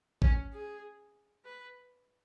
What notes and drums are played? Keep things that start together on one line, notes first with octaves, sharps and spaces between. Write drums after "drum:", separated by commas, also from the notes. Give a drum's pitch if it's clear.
C#4, drum: kick A1
G#4
B4